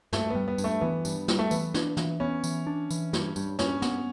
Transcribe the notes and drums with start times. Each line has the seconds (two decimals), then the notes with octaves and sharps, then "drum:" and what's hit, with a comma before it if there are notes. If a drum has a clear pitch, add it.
0.13 G2 A3, drum: snare
0.30 G3 B3
0.48 B3
0.58 G2, drum: tambourine
0.64 A3
0.81 E3 B3
1.05 G2, drum: tambourine
1.28 G3, drum: snare
1.39 A3
1.51 E3 B3, drum: tambourine
1.74 D4, drum: snare
1.97 E3, drum: snare
2.20 B3 C#4
2.44 E3, drum: tambourine
2.67 D4
2.91 E3, drum: tambourine
3.13 G2, drum: snare
3.36 G2, drum: tambourine
3.59 G2 C#4, drum: snare
3.82 B3, drum: snare